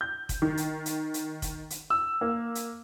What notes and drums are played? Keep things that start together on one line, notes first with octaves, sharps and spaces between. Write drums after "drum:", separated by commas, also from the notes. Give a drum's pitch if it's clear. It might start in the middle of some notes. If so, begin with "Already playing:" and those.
G6
drum: kick F1, hi-hat
D#3
drum: hi-hat
drum: hi-hat
drum: hi-hat
drum: kick F1, hi-hat
drum: hi-hat
E6
A#3
drum: hi-hat